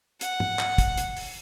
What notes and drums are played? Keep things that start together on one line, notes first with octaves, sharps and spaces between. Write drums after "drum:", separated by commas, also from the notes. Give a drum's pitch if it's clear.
F#5, drum: hi-hat
drum: tom
drum: clap
drum: kick, hi-hat
drum: hi-hat
drum: open hi-hat